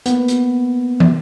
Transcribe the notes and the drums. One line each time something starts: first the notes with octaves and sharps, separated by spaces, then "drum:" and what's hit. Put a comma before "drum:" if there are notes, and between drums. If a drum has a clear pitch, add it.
A#3 B3, drum: hi-hat
drum: hi-hat
drum: tom